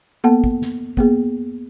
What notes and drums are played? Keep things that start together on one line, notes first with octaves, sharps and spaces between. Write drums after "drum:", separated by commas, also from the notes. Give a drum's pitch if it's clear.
A#3 B3 A4 F#5 A5
drum: kick
drum: snare
A#3 B3 G#4, drum: kick